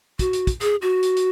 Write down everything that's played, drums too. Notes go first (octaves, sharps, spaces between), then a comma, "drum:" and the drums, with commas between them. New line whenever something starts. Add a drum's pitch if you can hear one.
F#4, drum: kick, hi-hat
drum: hi-hat
drum: kick, hi-hat
G#4, drum: hi-hat
F#4
drum: hi-hat
drum: hi-hat